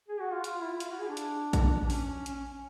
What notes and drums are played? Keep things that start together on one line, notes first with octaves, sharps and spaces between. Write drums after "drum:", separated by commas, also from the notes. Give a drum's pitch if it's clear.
G#4
F#4
F4
F4, drum: hi-hat
E4
F4, drum: hi-hat
F#4
G#4
D4
drum: hi-hat
drum: kick, hi-hat
D4
C#4, drum: open hi-hat
C#4, drum: hi-hat